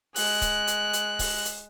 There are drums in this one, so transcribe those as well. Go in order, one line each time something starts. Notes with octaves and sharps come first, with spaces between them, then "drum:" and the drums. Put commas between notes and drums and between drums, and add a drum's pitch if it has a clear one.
G#3 F#6, drum: open hi-hat
drum: kick C#1, hi-hat
drum: hi-hat
drum: hi-hat
drum: kick C#1, open hi-hat
drum: hi-hat